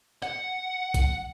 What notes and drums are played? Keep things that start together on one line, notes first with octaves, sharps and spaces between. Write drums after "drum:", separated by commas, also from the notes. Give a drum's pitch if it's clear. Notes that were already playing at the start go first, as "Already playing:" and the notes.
F#5, drum: rim click
drum: kick, hi-hat